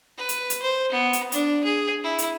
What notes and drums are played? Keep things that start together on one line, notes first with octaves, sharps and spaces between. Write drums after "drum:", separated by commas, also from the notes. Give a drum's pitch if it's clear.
B4
drum: hi-hat
drum: hi-hat
C5
B3
drum: hi-hat
D4, drum: hi-hat
G#4
E4
drum: hi-hat